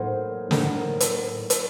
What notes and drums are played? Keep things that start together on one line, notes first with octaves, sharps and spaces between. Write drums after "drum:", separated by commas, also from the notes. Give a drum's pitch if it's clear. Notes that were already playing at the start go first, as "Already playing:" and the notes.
Already playing: A2 F#3 A#3 D#4 C5
A2 F#3 A#3 D#4, drum: snare
drum: hi-hat
drum: hi-hat